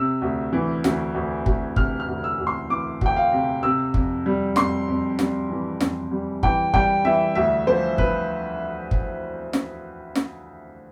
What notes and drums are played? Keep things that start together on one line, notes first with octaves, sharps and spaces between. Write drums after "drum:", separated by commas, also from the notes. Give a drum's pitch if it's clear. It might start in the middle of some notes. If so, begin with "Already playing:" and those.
Already playing: C3 E6
D2
E3
D2, drum: snare
D2
D2, drum: kick
C3 F6, drum: kick
F6
D2
E6
D2
C6
E3 D6
D2 G5, drum: kick
F5
C3
C3 E6
F2, drum: kick
G3
F2 C6, drum: snare
F2
G3, drum: snare
E3
F2, drum: snare
G3
E3 G5, drum: kick
G3 G5, drum: kick
E3 E5
D2 E5
F3 C5
F3 B4, drum: kick
drum: kick
drum: snare
drum: snare